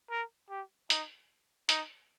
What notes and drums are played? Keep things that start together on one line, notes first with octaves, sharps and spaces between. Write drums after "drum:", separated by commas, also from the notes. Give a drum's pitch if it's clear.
A#4
G4
D#4, drum: hi-hat
D#4, drum: hi-hat